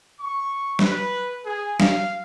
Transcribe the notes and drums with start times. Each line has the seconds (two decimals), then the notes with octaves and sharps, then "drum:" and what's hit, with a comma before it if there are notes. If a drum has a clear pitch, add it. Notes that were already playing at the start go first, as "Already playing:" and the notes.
0.20 C#6
0.79 B4, drum: snare
1.45 G#4
1.80 F5, drum: snare